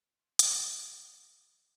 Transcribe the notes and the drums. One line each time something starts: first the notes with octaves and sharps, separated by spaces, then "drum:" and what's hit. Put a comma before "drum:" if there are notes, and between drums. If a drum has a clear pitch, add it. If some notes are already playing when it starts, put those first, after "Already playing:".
A2 F3
F5
G5
A2 F3, drum: hi-hat
G5
A2 F3 A3
F5
E5
C3 E3 G3 F5
G5
F5
C3 E3 G3